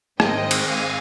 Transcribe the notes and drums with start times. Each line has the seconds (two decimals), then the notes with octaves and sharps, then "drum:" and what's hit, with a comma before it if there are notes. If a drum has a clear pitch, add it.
0.20 G#2 D#3 G#3 C4 D#5 G5, drum: rim click
0.51 drum: cymbal
0.68 F5 G#5